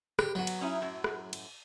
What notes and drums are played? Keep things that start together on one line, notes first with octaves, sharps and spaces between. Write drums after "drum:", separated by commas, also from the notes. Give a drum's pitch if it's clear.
G4, drum: rim click
F#3 B3 F#4
drum: cymbal
C#4 D#4 E4
F#2 A2
drum: rim click
drum: cymbal